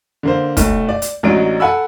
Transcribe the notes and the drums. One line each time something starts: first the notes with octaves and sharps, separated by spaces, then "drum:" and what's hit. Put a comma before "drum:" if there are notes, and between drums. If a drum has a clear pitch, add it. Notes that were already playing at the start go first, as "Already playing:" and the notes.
D3 A#3 C5
B1 A3, drum: kick, hi-hat
D5
drum: hi-hat
A1 F#3 D4 D#4 D7
A4 F#5 G#5 B5 E6